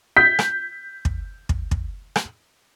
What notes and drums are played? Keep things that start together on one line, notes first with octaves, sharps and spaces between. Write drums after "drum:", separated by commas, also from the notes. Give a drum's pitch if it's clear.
G6 B6
drum: rim click
drum: kick
drum: kick
drum: kick
drum: rim click